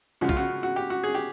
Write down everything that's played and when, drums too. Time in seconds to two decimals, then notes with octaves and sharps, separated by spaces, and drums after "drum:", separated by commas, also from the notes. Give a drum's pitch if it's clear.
0.21 C#3 F3 G#3 F#4
0.29 F4, drum: kick
0.37 F#4
0.63 F#4
0.76 G4
0.90 F#4
1.03 G#4
1.15 G4